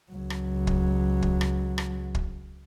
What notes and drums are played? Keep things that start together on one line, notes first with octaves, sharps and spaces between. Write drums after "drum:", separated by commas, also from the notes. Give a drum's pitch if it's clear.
C#2 F#3
drum: rim click
drum: kick
drum: kick
drum: rim click
drum: rim click
drum: kick